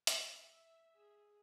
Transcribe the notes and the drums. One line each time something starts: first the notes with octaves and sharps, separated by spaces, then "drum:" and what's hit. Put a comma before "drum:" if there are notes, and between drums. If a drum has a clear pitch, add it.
drum: hi-hat
E5
G#4